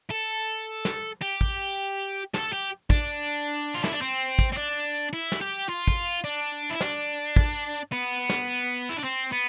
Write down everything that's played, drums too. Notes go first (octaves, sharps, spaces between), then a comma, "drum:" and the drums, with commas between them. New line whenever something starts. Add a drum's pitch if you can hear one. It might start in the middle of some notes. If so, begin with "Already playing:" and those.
A4
drum: snare
G4
drum: kick
A4, drum: snare
G4
D4, drum: kick
F4
E4, drum: snare
D4
C4
drum: kick
C4
D4
E4
drum: snare
G4
F4
drum: kick
D4
E4
D4, drum: snare
drum: kick
B3
drum: snare
E4
D4
C4
B3